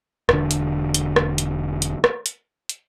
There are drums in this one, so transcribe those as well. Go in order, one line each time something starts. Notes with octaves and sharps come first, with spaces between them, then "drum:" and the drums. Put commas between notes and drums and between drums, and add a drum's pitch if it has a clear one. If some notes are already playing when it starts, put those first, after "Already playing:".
E1 D3, drum: rim click
drum: hi-hat
drum: hi-hat
drum: rim click
drum: hi-hat
drum: hi-hat
drum: rim click
drum: hi-hat
drum: hi-hat